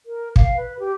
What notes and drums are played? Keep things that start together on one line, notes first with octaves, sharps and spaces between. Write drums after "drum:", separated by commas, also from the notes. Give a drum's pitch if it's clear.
A#4
F5, drum: kick
B4
G4